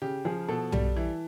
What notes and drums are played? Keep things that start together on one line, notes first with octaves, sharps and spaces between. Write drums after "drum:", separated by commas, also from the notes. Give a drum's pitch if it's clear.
C#3 G4
F3 G#4
B2 A4
G3, drum: tom B1
E3